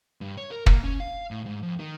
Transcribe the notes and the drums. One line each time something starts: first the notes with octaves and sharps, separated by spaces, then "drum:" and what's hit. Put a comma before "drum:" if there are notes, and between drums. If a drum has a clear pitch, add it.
G2
C#5
A#4
A#3, drum: kick
C#4
F5
A2
G#2
F2
D#3